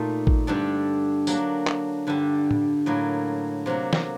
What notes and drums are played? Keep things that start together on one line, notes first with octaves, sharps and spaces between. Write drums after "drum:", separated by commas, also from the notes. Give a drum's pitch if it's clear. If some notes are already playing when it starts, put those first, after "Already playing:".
Already playing: A#2 A3 D#4
drum: kick A1
G2 D3 G3 D4 A4
F#3 A#3 D4, drum: tambourine
drum: clap
G2 D3 G3
drum: tom A2
A2 F#3 A#3
C3 F#3 A#3
drum: snare